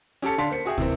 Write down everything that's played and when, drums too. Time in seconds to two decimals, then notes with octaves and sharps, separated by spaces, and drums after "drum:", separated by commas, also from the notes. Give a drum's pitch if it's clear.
0.22 C#4 G4 A4 A5 C#7
0.38 D3 D4 F5 A5 C6 B6
0.50 A#3 C5 C#7
0.65 F#4 G#4 E5 G5
0.78 C3 E3 A#3 C4, drum: kick